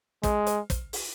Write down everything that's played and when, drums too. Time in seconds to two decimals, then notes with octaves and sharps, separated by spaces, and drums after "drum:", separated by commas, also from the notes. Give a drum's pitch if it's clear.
0.23 G#3, drum: kick, hi-hat
0.46 drum: hi-hat
0.70 drum: kick, hi-hat
0.93 drum: open hi-hat